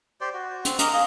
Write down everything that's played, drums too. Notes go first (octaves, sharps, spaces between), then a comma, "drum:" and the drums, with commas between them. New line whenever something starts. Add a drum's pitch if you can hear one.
G4 C5 D5
F#4
C4, drum: hi-hat
A#3 A#4 D#5, drum: hi-hat
G#4 D#5 F5